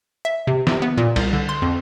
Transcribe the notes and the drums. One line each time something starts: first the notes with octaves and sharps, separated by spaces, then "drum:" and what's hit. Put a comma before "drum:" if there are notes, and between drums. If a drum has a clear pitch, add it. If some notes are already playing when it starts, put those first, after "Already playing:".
E5
C3
C3, drum: snare
B3
A#2
C2, drum: cymbal
D3
C6
F2